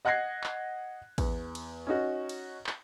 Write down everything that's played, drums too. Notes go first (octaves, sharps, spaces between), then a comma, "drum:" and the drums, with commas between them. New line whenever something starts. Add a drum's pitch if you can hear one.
D#5 F#5 F#6 G#6 A#6 C7
drum: clap
E2, drum: kick A1, cymbal
drum: cymbal
C#4 D#4 F#4
drum: cymbal
drum: clap